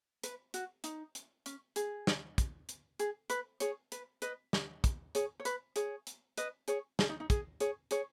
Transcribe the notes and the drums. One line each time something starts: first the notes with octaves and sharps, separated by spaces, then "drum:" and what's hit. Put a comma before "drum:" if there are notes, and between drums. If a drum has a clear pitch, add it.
B4, drum: hi-hat
F#4, drum: hi-hat
D#4, drum: hi-hat
drum: hi-hat
C#4, drum: hi-hat
G#4, drum: hi-hat
drum: snare
drum: kick, hi-hat
drum: hi-hat
G#4, drum: hi-hat
B4, drum: hi-hat
G#4 C#5, drum: hi-hat
B4, drum: hi-hat
B4 D#5, drum: hi-hat
drum: snare
drum: kick, hi-hat
G#4 C#5, drum: hi-hat
C#5
B4, drum: hi-hat
G#4 C#5, drum: hi-hat
drum: hi-hat
B4 D#5, drum: hi-hat
G#4 C#5, drum: hi-hat
G#4, drum: snare
D#4
D#4
G#4, drum: kick, hi-hat
G#4 C#5, drum: hi-hat
G#4 C#5, drum: hi-hat